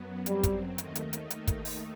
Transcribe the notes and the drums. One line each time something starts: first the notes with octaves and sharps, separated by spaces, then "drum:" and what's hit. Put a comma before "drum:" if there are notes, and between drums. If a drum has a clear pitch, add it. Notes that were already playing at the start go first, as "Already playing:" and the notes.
Already playing: F#2 F#3 B3
F#2 F#3 G3 C4, drum: hi-hat
drum: kick, hi-hat
D#2 D#3 A3 D#4, drum: hi-hat
drum: hi-hat
drum: hi-hat
D#2 D#3 A3 D#4, drum: hi-hat
drum: kick, hi-hat
drum: open hi-hat